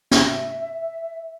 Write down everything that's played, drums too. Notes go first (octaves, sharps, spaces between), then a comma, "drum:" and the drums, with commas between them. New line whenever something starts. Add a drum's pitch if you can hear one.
E5, drum: snare